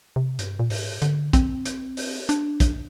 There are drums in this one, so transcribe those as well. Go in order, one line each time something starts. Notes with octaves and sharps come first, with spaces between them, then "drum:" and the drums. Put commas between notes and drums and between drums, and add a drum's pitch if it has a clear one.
C3
G2, drum: hi-hat
A#2
G#2, drum: open hi-hat
D3, drum: hi-hat
C4, drum: kick, hi-hat
drum: hi-hat
drum: open hi-hat
D4, drum: hi-hat
drum: kick, hi-hat